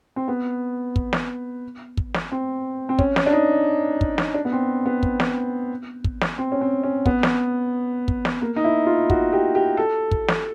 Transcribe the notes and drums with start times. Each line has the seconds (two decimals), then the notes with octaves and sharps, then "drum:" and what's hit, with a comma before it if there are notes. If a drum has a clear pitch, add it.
0.16 C4
0.28 B3
0.96 drum: kick
1.13 drum: snare
1.97 drum: kick
2.14 drum: snare
2.32 C4
2.89 C4
2.99 C#4, drum: kick
3.16 drum: snare
3.26 D4
3.32 D#4
4.01 drum: kick
4.18 drum: snare
4.34 D4
4.45 B3
4.52 C4
4.86 B3
5.03 drum: kick
5.20 drum: snare
6.04 drum: kick
6.21 drum: snare
6.38 C4
6.52 C#4
6.61 C4
6.83 C#4
7.06 B3, drum: kick
7.23 drum: snare
8.08 drum: kick
8.25 drum: snare
8.42 A#3
8.56 D#4
8.64 E4
8.86 F4
9.10 F#4, drum: kick
9.33 G4
9.55 G4
9.77 A4
10.11 drum: kick
10.28 drum: snare